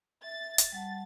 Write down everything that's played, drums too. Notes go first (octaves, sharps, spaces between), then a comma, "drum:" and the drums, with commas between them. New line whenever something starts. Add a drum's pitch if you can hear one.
E5 A6
drum: hi-hat
G3 F#5 A5